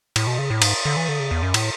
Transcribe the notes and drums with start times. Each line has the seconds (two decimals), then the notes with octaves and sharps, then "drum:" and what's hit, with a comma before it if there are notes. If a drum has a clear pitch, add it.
0.16 A2, drum: cymbal
0.27 B2
0.38 C#3
0.50 A2
0.62 G#2, drum: cymbal
0.85 D3
0.97 E3
1.09 D3
1.20 C#3
1.31 E2
1.43 F#2
1.54 A2, drum: cymbal